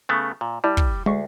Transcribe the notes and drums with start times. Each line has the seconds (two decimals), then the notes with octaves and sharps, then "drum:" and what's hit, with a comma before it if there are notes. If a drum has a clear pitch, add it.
0.09 C#3 A3 B3
0.41 A#2
0.64 G3 E4 D5 A5
0.77 drum: kick
1.06 D2 G#3 C#6 C7